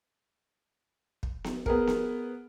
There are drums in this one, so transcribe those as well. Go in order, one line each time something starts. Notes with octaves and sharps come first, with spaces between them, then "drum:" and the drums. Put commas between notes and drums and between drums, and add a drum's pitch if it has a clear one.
drum: kick
drum: snare B3
B3 G#4 A#4, drum: kick
drum: snare B3